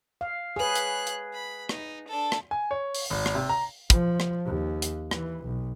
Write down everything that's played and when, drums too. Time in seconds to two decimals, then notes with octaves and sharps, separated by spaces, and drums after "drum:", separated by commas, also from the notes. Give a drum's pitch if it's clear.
0.21 F5
0.56 G#4 B4 C#5 F#6
0.75 drum: hi-hat
1.07 drum: hi-hat
1.33 B5
1.69 D#4, drum: rim click
2.08 D4 A4
2.32 drum: rim click
2.51 G#5
2.71 C#5
2.95 drum: open hi-hat
3.10 G#1
3.26 drum: rim click
3.35 C3
3.49 A#5
3.90 F3, drum: kick, hi-hat
4.20 drum: rim click
4.46 D#2
4.82 drum: hi-hat
5.11 E3, drum: rim click
5.44 B1